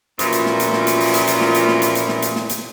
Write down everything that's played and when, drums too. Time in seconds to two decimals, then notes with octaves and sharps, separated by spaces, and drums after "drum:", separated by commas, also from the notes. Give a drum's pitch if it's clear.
0.19 F#2 A#2 E3 F3, drum: hi-hat
0.32 drum: hi-hat
0.46 drum: snare
0.60 drum: hi-hat
0.73 drum: snare
0.87 drum: hi-hat
1.00 drum: open hi-hat
1.14 drum: hi-hat
1.27 drum: hi-hat
1.41 drum: snare
1.55 drum: hi-hat
1.68 drum: snare
1.82 drum: hi-hat
1.95 drum: hi-hat
2.09 drum: snare
2.22 drum: hi-hat
2.36 drum: snare
2.49 drum: hi-hat